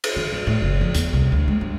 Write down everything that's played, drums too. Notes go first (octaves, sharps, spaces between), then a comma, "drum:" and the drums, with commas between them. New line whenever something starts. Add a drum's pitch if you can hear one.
drum: cymbal
D#3
G2
A2
F#1
F2
E2, drum: hi-hat
C2
D2
G#3
G2